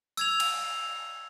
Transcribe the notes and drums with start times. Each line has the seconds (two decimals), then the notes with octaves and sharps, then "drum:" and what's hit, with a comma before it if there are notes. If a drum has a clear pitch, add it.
0.17 E6 G#6 F7, drum: tambourine
0.40 drum: cymbal